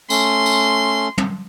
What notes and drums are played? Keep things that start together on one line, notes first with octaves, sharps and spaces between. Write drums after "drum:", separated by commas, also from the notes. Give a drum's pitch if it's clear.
A3 C#4 C6, drum: tambourine
drum: tambourine
drum: tom